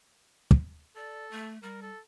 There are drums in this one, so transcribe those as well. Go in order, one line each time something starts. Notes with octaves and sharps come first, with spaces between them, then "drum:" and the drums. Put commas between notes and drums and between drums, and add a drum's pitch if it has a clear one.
drum: kick
A4 D5
A3
G3 A#4
A4